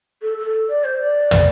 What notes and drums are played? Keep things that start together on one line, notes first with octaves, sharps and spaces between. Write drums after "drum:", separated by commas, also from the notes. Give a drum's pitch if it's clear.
A4
A4
D5
C5
D5
drum: tom